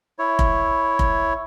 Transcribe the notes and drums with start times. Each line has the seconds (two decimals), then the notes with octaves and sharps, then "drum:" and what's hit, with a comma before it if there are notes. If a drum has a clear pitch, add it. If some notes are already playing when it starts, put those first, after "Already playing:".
0.19 E4 C#5
0.39 drum: kick F1
0.99 drum: kick F1